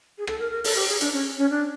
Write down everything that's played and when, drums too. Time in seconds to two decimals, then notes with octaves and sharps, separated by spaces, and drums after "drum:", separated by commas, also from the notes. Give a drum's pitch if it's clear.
0.18 G#4
0.27 A4, drum: rim click
0.39 A#4
0.51 A#4
0.64 A4, drum: open hi-hat
0.76 G4
0.88 G#4
1.01 D4, drum: hi-hat
1.13 C#4
1.38 C#4
1.50 D4